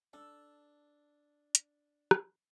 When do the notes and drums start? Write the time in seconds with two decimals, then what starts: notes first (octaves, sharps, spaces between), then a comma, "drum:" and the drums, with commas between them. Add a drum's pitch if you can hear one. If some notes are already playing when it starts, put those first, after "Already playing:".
0.13 D4 A4
1.55 drum: hi-hat
2.11 drum: rim click